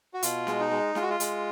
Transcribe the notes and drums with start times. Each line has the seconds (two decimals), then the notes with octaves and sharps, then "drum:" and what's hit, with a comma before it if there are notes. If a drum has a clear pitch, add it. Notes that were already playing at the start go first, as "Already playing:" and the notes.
0.14 F#4
0.23 B2 F4, drum: hi-hat
0.47 G#3, drum: snare
0.60 D#4
0.71 G#3
0.95 G#3 F4, drum: snare
1.02 F#4
1.10 F4
1.20 G#3, drum: hi-hat